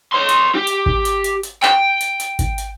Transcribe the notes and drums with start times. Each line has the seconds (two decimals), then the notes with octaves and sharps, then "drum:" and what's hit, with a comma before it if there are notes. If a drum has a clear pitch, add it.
0.13 C#5 C6
0.29 drum: hi-hat
0.55 G4
0.67 drum: hi-hat
0.86 drum: kick G#1
1.05 drum: hi-hat
1.24 drum: hi-hat
1.43 drum: hi-hat
1.63 G5, drum: clap
2.01 drum: hi-hat
2.20 drum: hi-hat
2.39 drum: kick G#1, hi-hat
2.58 drum: hi-hat